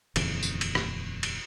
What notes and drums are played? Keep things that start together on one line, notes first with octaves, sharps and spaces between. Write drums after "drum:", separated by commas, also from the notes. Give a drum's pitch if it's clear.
D#1 F2 C#3 E3, drum: cymbal
drum: tambourine
drum: cymbal
drum: rim click
drum: cymbal